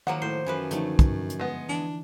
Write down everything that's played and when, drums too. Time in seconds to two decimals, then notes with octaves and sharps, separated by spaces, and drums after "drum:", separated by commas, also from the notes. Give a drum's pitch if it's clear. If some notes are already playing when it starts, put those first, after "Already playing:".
0.07 D#3 F3 F#3 A#3 F#5
0.22 A2 C5
0.46 F#2 E3 F3 B4
0.71 D3 F3 F#3 A3 D#4, drum: hi-hat
0.99 drum: kick, hi-hat
1.30 drum: hi-hat
1.40 G#3 B3
1.69 E3 D4